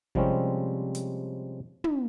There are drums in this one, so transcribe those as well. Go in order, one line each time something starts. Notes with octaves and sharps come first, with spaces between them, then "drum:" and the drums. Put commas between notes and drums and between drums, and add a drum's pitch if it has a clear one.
C3 F3 G3 G#3 C4 C#4, drum: kick G1
drum: hi-hat
drum: tom